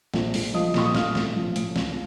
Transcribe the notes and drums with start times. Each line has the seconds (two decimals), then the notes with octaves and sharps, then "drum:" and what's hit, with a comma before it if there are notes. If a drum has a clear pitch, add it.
0.14 A#1, drum: snare
0.34 A#1, drum: open hi-hat
0.54 F3 D#5 D#6
0.74 A#2 C#6, drum: snare
0.86 D#6
0.95 A1 F5 F6, drum: snare
1.15 A1, drum: snare
1.36 F3
1.56 A2, drum: hi-hat
1.76 C#2, drum: snare